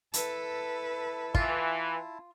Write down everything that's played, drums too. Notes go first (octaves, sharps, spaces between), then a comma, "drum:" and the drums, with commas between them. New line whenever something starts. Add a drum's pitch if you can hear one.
E4 A4 B4 A5, drum: hi-hat
E3 F4, drum: kick